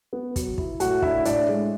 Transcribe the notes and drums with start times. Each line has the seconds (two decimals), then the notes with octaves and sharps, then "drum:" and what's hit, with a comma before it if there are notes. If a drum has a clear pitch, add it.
0.13 B3
0.36 F#3, drum: kick, hi-hat
0.58 E4, drum: kick
0.80 A2 F#4 F#5, drum: hi-hat
1.02 D4 E4 E5, drum: kick
1.25 A2 D4 D5, drum: hi-hat
1.48 G#3